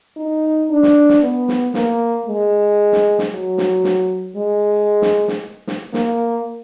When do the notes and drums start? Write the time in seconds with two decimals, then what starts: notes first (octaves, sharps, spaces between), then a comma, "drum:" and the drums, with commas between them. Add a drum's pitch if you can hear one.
0.17 D#4
0.70 D4
0.83 drum: snare
1.09 drum: snare
1.22 B3
1.48 drum: snare
1.74 A#3, drum: snare
2.27 G#3
2.92 drum: snare
3.19 drum: snare
3.32 F#3
3.58 drum: snare
3.84 drum: snare
4.36 G#3
5.02 drum: snare
5.28 drum: snare
5.67 drum: snare
5.94 A#3, drum: snare